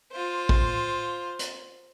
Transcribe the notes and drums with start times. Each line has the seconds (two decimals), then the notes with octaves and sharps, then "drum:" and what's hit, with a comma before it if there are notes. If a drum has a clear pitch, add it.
0.12 F4 C5
0.49 drum: kick
1.39 drum: hi-hat